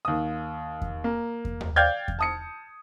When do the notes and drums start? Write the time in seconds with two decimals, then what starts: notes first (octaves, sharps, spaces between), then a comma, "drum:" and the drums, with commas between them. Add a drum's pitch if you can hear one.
0.05 D#2 D#6
0.82 drum: kick E2
1.04 A#3
1.45 drum: kick E2
1.61 drum: tom D#2
1.76 D5 F5 G5 F6 G6 G#6
2.08 drum: kick E2
2.19 A5 D#6 C#7